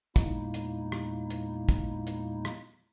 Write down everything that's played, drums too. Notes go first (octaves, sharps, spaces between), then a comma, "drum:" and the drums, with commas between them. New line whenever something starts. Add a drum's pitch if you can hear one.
E2 A#2 G#3 A#3 D#4 E4, drum: kick, hi-hat
drum: hi-hat
drum: rim click
drum: hi-hat
drum: kick, hi-hat
drum: hi-hat
drum: rim click